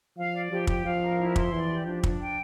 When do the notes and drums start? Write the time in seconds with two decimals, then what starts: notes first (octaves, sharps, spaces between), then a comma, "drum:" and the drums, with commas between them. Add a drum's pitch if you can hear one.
0.17 F3 F5
0.33 D5
0.50 F3 G4
0.67 G4, drum: kick
0.84 F3 F5
1.01 A#4
1.18 E4
1.36 C6, drum: kick
1.53 E3 D5
1.70 G4
1.86 F3 D4
2.03 D4, drum: kick
2.21 G5